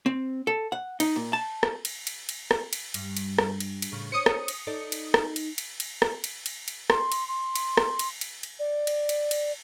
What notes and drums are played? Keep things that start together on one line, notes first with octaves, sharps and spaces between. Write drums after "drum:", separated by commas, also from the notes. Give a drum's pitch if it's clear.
C4
A4
F#5
D#4, drum: cymbal
A#2
A5
drum: rim click
drum: cymbal
drum: cymbal
drum: cymbal
drum: rim click
drum: cymbal
G2, drum: cymbal
drum: cymbal
drum: rim click
drum: cymbal
drum: cymbal
A2 C#3
C5 C#5 D#6 C#7
drum: rim click
drum: cymbal
D#4 A4 D5
drum: cymbal
drum: rim click
drum: cymbal
drum: cymbal
drum: cymbal
drum: rim click
drum: cymbal
drum: cymbal
drum: cymbal
C6, drum: rim click
drum: cymbal
C6
drum: cymbal
drum: rim click
drum: cymbal
drum: cymbal
drum: cymbal
D5
drum: cymbal
drum: cymbal
drum: cymbal